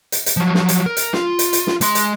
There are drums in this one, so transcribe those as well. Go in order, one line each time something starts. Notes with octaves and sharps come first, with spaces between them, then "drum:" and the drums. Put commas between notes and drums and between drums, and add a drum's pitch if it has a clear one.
drum: hi-hat
drum: hi-hat
F3 F#3
drum: snare
drum: hi-hat
A#4
drum: hi-hat
F4, drum: snare
drum: hi-hat
drum: hi-hat
drum: snare
G#3 C6, drum: hi-hat
drum: hi-hat